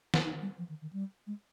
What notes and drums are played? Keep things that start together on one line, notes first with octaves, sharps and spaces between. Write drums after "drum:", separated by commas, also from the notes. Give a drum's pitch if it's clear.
drum: snare
D#4
G3
F3
D#3
D#3
G3
G#3